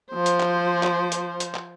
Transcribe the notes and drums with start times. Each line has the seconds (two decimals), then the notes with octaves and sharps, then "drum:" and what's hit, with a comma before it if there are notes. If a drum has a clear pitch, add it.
0.12 F3 C5
0.26 drum: hi-hat
0.40 drum: clap
0.83 drum: clap
1.12 drum: hi-hat
1.40 drum: hi-hat
1.55 drum: clap